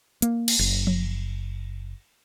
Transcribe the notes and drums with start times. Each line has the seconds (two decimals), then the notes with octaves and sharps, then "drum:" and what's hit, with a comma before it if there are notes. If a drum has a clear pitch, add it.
0.22 A#3, drum: hi-hat
0.48 drum: cymbal
0.59 F#1
0.87 drum: tom F3